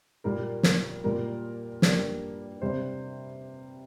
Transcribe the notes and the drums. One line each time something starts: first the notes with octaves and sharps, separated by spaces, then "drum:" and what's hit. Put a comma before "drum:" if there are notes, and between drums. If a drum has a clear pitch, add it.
A#2 G3 A#3 A#4
A#4, drum: snare
A#2 G3 A#3 A#4
G2 G3 A#3, drum: snare
C3 G3 C5